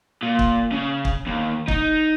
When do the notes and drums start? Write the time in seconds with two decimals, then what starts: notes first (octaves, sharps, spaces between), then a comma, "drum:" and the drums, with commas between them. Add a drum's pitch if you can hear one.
0.23 A#2
0.39 drum: kick
0.72 C#3
1.05 drum: kick
1.27 D#2
1.68 D#4, drum: kick